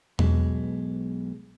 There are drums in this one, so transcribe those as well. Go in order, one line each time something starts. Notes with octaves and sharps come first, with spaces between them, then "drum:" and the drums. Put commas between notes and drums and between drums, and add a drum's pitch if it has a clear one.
B1 B2 G#3, drum: tom E2